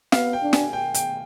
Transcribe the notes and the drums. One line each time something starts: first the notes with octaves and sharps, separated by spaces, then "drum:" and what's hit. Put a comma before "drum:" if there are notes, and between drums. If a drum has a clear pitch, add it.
B3 F5, drum: snare
G5
D4
G#5, drum: snare
G5
G5, drum: hi-hat